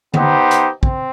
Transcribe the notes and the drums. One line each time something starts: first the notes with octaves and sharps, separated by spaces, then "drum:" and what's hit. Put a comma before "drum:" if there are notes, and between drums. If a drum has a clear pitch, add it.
B3 D#4 G4 C5, drum: tom D3
drum: hi-hat
C4, drum: kick